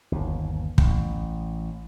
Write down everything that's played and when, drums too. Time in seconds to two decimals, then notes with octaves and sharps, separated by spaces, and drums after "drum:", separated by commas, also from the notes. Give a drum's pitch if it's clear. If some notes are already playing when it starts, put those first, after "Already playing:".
0.12 G1 D#2
0.78 A1, drum: kick